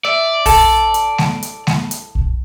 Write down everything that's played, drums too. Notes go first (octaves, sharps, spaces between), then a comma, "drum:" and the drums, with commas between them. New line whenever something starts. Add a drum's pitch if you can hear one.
D5 E5
A4, drum: kick, open hi-hat
drum: hi-hat
drum: snare G#3
drum: hi-hat
drum: snare G#3
drum: hi-hat
drum: kick